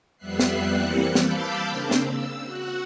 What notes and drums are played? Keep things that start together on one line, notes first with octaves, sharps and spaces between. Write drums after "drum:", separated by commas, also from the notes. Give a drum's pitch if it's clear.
F2 G3 B3 E5 F#6 C7
drum: snare
E3 G3 A#3 C4 F#6 C#7
F5 A5 B5 D6 E6 G6, drum: snare
C#3 A#3 C4 D4
drum: snare
E6
F#4 F#5